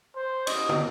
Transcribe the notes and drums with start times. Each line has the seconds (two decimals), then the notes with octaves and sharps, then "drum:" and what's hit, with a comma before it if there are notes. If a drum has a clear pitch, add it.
0.16 C5
0.47 D#5, drum: cymbal
0.69 drum: tom